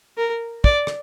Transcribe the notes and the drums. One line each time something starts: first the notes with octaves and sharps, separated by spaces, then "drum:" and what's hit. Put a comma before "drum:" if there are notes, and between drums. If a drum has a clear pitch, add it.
A#4
D5, drum: kick
drum: rim click